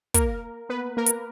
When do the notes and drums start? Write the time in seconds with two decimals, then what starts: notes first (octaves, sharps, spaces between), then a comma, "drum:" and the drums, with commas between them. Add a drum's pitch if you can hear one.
0.14 A#3 A#4, drum: kick, hi-hat
0.69 B3 B4
0.97 A#3 A#4
1.06 drum: hi-hat